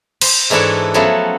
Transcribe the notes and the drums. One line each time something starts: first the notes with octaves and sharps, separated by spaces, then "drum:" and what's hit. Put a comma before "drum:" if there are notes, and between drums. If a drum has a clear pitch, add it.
C5 B5 C6, drum: cymbal
G#2 E3 D4 E4 A4 C#5
F3 F#3 A3 B3 C#4 E4